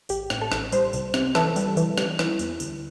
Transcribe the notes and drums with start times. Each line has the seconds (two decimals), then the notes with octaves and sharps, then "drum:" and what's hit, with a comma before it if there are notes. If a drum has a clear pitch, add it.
0.09 A1 G4, drum: tambourine
0.30 A2, drum: rim click
0.41 A4
0.52 A1, drum: rim click
0.72 G3 C5, drum: tambourine
0.93 C2, drum: tambourine
1.14 C3, drum: rim click
1.35 E3 A4, drum: rim click
1.56 G3, drum: tambourine
1.77 E3, drum: tambourine
1.98 G3, drum: rim click
2.19 E3, drum: rim click
2.39 E2, drum: tambourine
2.60 D2, drum: tambourine